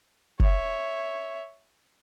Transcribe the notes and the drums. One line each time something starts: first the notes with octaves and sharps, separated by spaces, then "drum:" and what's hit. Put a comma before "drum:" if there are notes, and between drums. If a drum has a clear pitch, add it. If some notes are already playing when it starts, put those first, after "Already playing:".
C#5 E5, drum: kick F#1